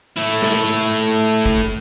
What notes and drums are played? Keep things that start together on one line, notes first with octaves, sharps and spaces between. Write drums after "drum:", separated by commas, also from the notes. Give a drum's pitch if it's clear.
A3 E4, drum: hi-hat
drum: snare
drum: hi-hat
drum: kick